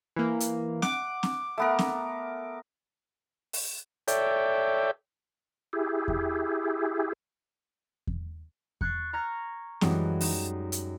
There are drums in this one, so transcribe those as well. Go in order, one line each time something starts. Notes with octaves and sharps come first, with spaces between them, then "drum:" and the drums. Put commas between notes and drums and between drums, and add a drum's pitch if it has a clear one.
E3 A#3
drum: hi-hat
F#5 D6, drum: snare
drum: snare
A3 B3 A#4
drum: snare
drum: open hi-hat
A4 C#5 D5 E5 G5, drum: hi-hat
E4 G4 G#4
drum: kick E2
drum: kick E2
C#6 F#6 G#6 A6 C7, drum: kick E2
A#5 C#6 F6 G#6 A#6
F#2 E3 G3 G#3, drum: snare
D#4, drum: open hi-hat
drum: hi-hat